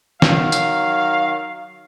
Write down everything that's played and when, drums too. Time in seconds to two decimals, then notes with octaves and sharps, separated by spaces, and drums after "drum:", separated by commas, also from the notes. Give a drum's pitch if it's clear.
0.22 D#3 F#3 F5, drum: snare
0.52 drum: tambourine